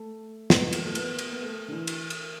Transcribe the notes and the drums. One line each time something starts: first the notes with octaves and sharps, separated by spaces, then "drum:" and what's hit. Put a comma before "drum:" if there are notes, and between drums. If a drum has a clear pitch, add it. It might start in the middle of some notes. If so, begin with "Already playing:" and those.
Already playing: A3
B3, drum: snare
drum: cymbal
A3
B3, drum: cymbal
drum: cymbal
B3
A3
D3
E3
drum: cymbal
drum: cymbal